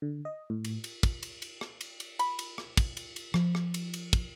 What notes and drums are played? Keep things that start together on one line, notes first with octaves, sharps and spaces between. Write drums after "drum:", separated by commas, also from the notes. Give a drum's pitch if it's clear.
D3
D#5
A2
drum: cymbal
drum: cymbal
drum: kick, cymbal
drum: cymbal
drum: cymbal
drum: rim click
drum: cymbal
drum: cymbal
B5, drum: cymbal
drum: cymbal
drum: rim click
drum: kick, cymbal
drum: cymbal
drum: cymbal
F3, drum: rim click
drum: rim click
drum: cymbal
drum: cymbal
drum: kick, cymbal